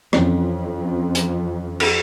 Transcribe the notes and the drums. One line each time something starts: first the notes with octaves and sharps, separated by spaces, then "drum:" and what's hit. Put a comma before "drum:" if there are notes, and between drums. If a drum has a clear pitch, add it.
F2 E3 C4 C#4, drum: rim click
drum: hi-hat
drum: cymbal